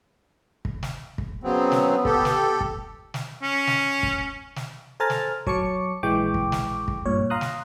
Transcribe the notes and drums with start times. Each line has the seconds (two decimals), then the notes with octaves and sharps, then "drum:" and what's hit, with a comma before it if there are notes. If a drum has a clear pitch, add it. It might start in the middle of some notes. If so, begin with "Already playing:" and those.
0.65 drum: kick
0.83 drum: snare
1.18 drum: kick
1.44 C#3 F#3 B3 C4
1.72 drum: snare
2.05 G4 A4, drum: kick
2.25 drum: snare
2.61 drum: kick
3.14 drum: snare
3.43 C#4
3.67 drum: snare
4.03 drum: kick
4.56 drum: snare
5.00 A4 C5 G#5 A#5 F6 A6
5.10 drum: snare
5.47 F#3 C#5 A5 C#6 D6 C#7, drum: kick
6.03 A#1 E3 G#3 G5 C#6 D6
6.34 drum: kick
6.52 drum: snare
6.88 drum: kick
7.06 G2 A#2 C#5
7.30 F5 A#5 C6 D#6 F#6
7.41 drum: snare